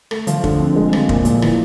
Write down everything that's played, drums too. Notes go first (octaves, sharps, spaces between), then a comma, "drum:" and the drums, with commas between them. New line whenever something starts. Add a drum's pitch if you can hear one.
A3, drum: rim click
F3, drum: hi-hat
D3, drum: kick
C4
G#3
F3, drum: rim click
A#2, drum: kick
A#2, drum: hi-hat
E3, drum: rim click